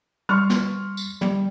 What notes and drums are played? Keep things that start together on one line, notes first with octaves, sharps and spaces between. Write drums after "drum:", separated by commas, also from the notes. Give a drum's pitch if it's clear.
G3 C6 C#6 F6
drum: snare
drum: tambourine
G3, drum: tom